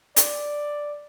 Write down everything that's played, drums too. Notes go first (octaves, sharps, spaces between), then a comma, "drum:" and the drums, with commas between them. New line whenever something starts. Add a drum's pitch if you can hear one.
D5, drum: hi-hat